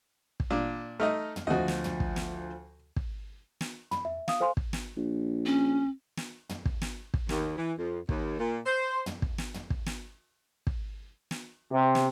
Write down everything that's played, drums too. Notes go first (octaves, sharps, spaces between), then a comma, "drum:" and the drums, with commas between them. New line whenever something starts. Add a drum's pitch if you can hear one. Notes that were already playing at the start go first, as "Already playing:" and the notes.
drum: kick
A#2 D4
A3 D#4 D#5 F6
drum: tom
D2 F3 F#4 D#5
drum: snare
drum: tom
drum: kick
drum: snare
drum: kick
drum: snare
B5, drum: tom
E5
F5 D#6, drum: snare
A4 C5 F5 G#5 C6
drum: kick
drum: snare
A#1
C#4
drum: snare
drum: tom
drum: kick
drum: snare
drum: kick
D#2, drum: snare
E3
F2
D#2, drum: kick
A#2
C5
drum: tom
drum: kick
drum: snare
drum: tom
drum: kick
drum: snare
drum: kick
drum: snare
C3
drum: snare